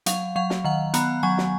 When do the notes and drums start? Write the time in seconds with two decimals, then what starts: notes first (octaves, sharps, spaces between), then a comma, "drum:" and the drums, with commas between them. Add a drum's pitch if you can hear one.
0.06 F#3 F5, drum: hi-hat
0.36 F#3 F5
0.50 drum: snare
0.64 D#3 F#5
0.94 B3 A#5, drum: hi-hat
1.23 F#3 G#5
1.38 drum: snare